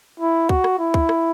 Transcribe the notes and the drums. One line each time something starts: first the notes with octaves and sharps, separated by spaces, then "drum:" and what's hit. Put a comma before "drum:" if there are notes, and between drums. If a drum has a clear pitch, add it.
E4
F#4, drum: kick
drum: rim click
E4
drum: kick
drum: rim click